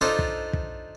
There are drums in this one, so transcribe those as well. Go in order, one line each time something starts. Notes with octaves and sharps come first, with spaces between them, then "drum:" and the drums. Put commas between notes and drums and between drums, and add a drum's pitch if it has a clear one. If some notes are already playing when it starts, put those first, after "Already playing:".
D4 D#4 F4 A4 C5
drum: kick
drum: kick